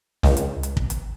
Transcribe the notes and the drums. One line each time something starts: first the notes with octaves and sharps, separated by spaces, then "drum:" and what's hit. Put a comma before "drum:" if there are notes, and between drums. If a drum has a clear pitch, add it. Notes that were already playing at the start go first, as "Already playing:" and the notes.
C#2, drum: snare
drum: hi-hat
drum: hi-hat
drum: kick
drum: hi-hat